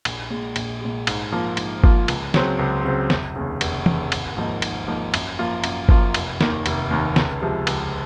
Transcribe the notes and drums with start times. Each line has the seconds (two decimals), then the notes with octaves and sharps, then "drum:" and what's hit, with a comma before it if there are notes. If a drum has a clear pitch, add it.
0.05 A#1, drum: cymbal
0.30 A#2 G#3
0.56 A#1, drum: cymbal
0.81 A#2 G#3
1.07 G#2, drum: cymbal
1.32 F3 A#3 F4
1.57 G#2, drum: cymbal
1.84 F3 A#3 F4, drum: kick G1
2.08 C#2, drum: cymbal
2.34 C#3 F#3 C4, drum: snare
2.59 C#2
2.85 C#3 F#3 C4
3.10 F1, drum: snare
3.36 D#2 C#3
3.61 F1, drum: cymbal
3.86 D#2 C#3, drum: tom E3
4.12 G#1, drum: cymbal
4.36 G#2 F3 A#3 D#4
4.62 G#1, drum: cymbal
4.87 G#2 F3 A#3 D#4
5.14 F#2, drum: cymbal
5.39 F3 A#3 F4
5.64 F#2, drum: cymbal
5.89 F3 A#3 F4, drum: kick G1
6.14 F1, drum: cymbal
6.41 D#2 D#3 A#3, drum: snare
6.66 F1, drum: cymbal
6.91 D#2 D#3 A#3
7.16 C#2, drum: snare
7.42 C3 F3 G#3
7.67 C#2, drum: cymbal